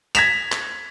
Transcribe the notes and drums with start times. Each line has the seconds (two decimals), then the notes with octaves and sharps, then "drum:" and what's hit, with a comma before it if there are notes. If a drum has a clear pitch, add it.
0.15 G#6 A#6 B6 E7 F7, drum: hi-hat
0.52 drum: clap